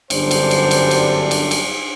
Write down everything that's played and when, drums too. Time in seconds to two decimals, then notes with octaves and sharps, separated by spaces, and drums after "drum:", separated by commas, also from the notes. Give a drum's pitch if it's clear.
0.10 G1 F#2 D3 G3 D4 C5, drum: cymbal
0.31 drum: cymbal
0.51 drum: cymbal
0.71 drum: cymbal
0.91 drum: cymbal
1.31 drum: cymbal
1.51 drum: cymbal